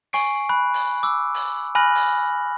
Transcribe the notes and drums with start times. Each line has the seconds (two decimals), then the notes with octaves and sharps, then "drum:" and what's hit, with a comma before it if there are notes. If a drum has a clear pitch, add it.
0.13 G#5 C#6 C7 D7, drum: open hi-hat
0.49 B5 F#6
0.74 drum: open hi-hat
1.03 D6 E6
1.34 drum: open hi-hat
1.75 G#5 B5 F6 F#6 A#6 F#7
1.95 drum: open hi-hat